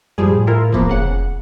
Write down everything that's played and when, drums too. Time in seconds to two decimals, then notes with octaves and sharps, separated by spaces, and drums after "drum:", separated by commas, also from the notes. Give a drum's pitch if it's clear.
0.18 F#2 F3 G3 G#4
0.30 A2
0.47 E4 F4 A#4
0.72 F3 A#3 B3, drum: kick E1
0.89 F1 C#3 F#5